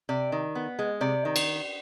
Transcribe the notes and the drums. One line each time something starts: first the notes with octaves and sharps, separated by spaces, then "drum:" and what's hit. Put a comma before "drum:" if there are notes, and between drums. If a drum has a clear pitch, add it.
C3 D5
D#3
B3
G#3
C3 D5
D#3
drum: cymbal